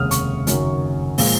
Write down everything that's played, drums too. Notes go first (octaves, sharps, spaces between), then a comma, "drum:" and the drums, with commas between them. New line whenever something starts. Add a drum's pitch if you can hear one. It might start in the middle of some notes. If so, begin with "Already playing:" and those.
Already playing: F1 D#2 C#3 G#3 D#6 F6
C#6, drum: hi-hat
F#1 F#2 D#3 F#3, drum: hi-hat
A#2 F3 G#3, drum: open hi-hat